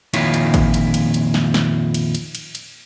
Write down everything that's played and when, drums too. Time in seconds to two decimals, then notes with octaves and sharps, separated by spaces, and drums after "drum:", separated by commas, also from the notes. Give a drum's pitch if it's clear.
0.14 F2 A#2 D#3 E4 F4 C#5, drum: cymbal
0.34 drum: cymbal
0.54 drum: kick G#1, cymbal
0.74 drum: cymbal
0.94 drum: cymbal
1.14 drum: cymbal
1.34 drum: snare
1.54 drum: snare
1.94 drum: cymbal
2.15 drum: cymbal
2.35 drum: cymbal
2.55 drum: cymbal